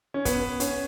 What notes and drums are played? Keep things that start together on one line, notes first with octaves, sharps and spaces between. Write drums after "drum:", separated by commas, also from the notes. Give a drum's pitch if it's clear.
C#4
B3, drum: kick, hi-hat
C#4, drum: hi-hat